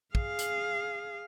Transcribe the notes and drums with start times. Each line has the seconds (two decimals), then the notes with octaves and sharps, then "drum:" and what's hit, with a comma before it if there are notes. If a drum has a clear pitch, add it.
0.15 G#4 F5, drum: kick
0.39 drum: hi-hat